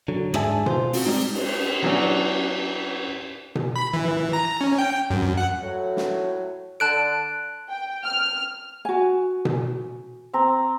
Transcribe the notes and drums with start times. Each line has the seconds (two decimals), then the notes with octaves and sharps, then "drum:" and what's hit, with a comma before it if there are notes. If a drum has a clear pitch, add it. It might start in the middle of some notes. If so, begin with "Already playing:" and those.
0.08 D3 F#3
0.34 G#2 D4 G#4 E5 G#5 A5, drum: rim click
0.66 F4 C5, drum: tom B2
0.93 C4 F4 F#4, drum: open hi-hat
1.06 G3 G#3 C4 D#4
1.35 drum: cymbal
1.82 E3 F#3 B3 C#4 D4 F#4
3.55 drum: tom B2
3.76 B5
3.94 E3
4.33 A#5
4.61 C#4
4.78 G5
5.10 F#2
5.38 F#5
5.62 A2 F#3
5.97 drum: snare
6.80 D3 A5 F#6 D7
7.69 G5
8.05 F6
8.85 F#4 G#5
9.45 drum: tom B2
10.33 C4 A#5